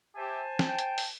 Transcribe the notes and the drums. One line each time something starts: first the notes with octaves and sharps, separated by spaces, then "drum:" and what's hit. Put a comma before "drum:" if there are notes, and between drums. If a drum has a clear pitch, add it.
G4 C5 E5 G#5 A5
G5, drum: snare
drum: hi-hat
drum: open hi-hat